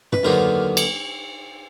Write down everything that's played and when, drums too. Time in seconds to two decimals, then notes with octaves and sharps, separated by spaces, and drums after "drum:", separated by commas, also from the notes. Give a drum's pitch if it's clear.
0.13 B4, drum: tom
0.23 D#2 D3 F#3 B3 A#4 C5
0.77 drum: cymbal